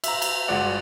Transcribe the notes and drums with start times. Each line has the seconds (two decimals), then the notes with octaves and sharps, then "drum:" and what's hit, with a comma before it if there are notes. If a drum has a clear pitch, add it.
0.04 E5 A#5, drum: cymbal
0.22 drum: cymbal
0.48 G1 G#3 F4 F#4 D5 F#5